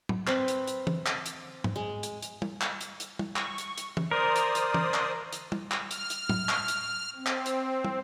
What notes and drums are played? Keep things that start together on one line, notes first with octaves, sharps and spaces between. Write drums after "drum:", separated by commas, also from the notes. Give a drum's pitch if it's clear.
drum: tom
C4 B4, drum: clap
drum: hi-hat
drum: hi-hat
drum: tom
drum: clap
drum: hi-hat
drum: tom
G#3
drum: hi-hat
drum: hi-hat
drum: tom
drum: clap
drum: hi-hat
drum: hi-hat
drum: tom
C#6, drum: clap
drum: hi-hat
drum: hi-hat
drum: tom
A#4 C5 D5 D#6
drum: hi-hat
drum: hi-hat
drum: tom
drum: clap
drum: hi-hat
drum: tom
drum: clap
F6, drum: hi-hat
drum: hi-hat
drum: tom
drum: clap
drum: hi-hat
C4
drum: clap
drum: hi-hat
drum: tom